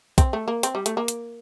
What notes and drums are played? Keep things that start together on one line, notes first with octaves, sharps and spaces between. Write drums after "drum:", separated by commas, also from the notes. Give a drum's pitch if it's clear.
C4, drum: kick, hi-hat
A3
A#3
C4, drum: hi-hat
G3
A3, drum: hi-hat
A#3
drum: hi-hat